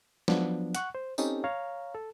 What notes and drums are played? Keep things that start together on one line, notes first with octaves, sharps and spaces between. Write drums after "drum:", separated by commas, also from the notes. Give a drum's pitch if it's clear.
F3 F#3 B3 D4, drum: snare
F#5 C#6 F#6, drum: hi-hat
C5
C4 C#4 D#4 G4 A4, drum: tambourine
C#5 F5 A#5
A4